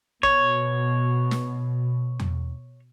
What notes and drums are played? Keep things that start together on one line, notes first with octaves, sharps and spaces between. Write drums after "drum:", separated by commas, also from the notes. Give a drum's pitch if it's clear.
B2 C#5, drum: kick
drum: snare
drum: tom E2